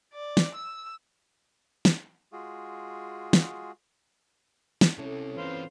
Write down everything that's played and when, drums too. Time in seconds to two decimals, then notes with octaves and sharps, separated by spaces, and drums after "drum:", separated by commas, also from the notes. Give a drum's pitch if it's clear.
0.14 D5
0.37 drum: snare
0.54 E6
1.85 drum: snare
2.32 G#3 F4 F#4 G#4
3.33 drum: snare
4.81 drum: snare
4.98 C3 C#4 E4 A4
5.37 E3 C4 F4 B4 C5